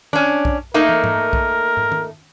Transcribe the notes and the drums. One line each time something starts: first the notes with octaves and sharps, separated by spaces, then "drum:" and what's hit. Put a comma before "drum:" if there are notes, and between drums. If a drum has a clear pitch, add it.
C#4 D4, drum: tom D#3
drum: kick B1
A3 A#3 D#4 A#4
drum: tom
drum: tom G#2
drum: kick B1
drum: tom
drum: tom D#3